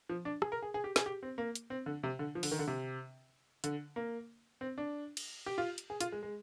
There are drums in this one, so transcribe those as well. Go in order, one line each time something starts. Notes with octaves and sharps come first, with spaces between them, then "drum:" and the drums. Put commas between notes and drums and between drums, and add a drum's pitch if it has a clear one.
F3
D4
G#4, drum: rim click
A#4
G#4
G#4
G4
G#4, drum: snare
G4
C4
A#3
drum: hi-hat
C4
D3
C3
D3
F3
D3, drum: open hi-hat
D#3
D3
C3
D3, drum: hi-hat
A#3
C4
D4
drum: cymbal
G4
F4
drum: hi-hat
G#4
F4, drum: hi-hat
G#3
G#3